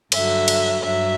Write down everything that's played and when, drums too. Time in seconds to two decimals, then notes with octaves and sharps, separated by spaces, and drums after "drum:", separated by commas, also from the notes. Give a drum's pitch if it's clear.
0.12 G2 D3 F#3 E5, drum: cymbal
0.48 drum: cymbal
0.83 G2 F#3 E5